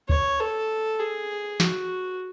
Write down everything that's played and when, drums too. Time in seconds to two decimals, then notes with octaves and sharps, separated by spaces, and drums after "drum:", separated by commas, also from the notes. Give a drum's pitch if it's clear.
0.09 C#5, drum: kick
0.40 A4
0.99 G#4
1.60 F#4, drum: snare